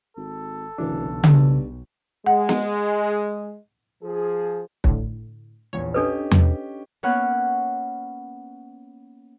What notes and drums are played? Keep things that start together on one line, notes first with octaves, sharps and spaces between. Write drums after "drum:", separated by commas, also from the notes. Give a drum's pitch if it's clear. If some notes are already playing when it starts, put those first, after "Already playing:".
G#1 A4
D1 B1 C#3 E3 D4
G2, drum: tom C#3
G#3 F#5
drum: snare
F3 G#4
A2 D3, drum: kick
A#1 E2 C#5
C#4 D4 G4 A4 B4 D#5
drum: tom E2
A#3 B3 C#4 F#5